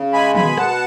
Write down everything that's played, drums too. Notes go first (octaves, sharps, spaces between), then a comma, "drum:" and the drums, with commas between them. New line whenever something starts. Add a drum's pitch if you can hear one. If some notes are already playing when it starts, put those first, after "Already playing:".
Already playing: C#3
G#3 G#5 B5
B2 G#5 B5, drum: tom
B2 F#5 A5, drum: rim click